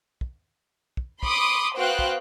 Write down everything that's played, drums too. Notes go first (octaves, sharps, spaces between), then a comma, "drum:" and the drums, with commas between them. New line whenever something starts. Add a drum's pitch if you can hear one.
drum: kick
drum: kick
B5 C6 D6 D#6 C#7, drum: kick
B3 F#4 C5 F5 G5 F#6
drum: kick